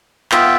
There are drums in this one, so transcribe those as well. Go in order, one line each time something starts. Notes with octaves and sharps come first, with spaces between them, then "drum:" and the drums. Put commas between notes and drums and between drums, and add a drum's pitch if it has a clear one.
B3 F4 E5 G5, drum: clap